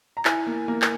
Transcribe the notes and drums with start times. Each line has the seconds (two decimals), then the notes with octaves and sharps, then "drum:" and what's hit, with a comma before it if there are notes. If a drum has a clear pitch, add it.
0.17 A#5
0.25 E4 G#5, drum: clap
0.47 A#3
0.68 A#3
0.82 drum: clap